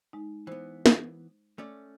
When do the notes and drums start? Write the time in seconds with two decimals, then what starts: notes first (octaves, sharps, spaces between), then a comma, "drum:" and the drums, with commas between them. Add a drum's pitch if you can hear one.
0.13 G#3 D#4
0.47 E3 B3 C5
0.86 drum: snare
1.58 A3 C#4 D5